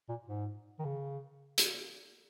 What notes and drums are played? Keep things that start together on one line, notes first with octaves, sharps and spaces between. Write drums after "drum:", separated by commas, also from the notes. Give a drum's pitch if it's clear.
A#2
G#2
D#3
C#3
drum: hi-hat